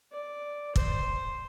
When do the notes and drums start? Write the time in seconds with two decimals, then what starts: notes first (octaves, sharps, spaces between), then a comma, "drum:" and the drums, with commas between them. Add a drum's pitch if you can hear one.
0.12 D5
0.76 C5, drum: kick